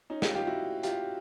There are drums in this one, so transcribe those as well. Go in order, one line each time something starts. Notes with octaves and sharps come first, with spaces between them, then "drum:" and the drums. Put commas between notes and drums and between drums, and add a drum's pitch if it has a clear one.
C#4 D#4
F4 G4, drum: snare
F4 G4
E4 F#4
F4 G4, drum: hi-hat